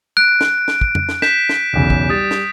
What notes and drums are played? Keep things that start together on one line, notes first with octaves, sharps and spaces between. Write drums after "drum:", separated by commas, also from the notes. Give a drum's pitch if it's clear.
F#6 D7
drum: snare
drum: snare
drum: kick
drum: tom F2
drum: snare
G6 B6 E7, drum: snare
drum: snare
B1 E2 C#3
drum: kick
G3 D#6 A6 E7
drum: snare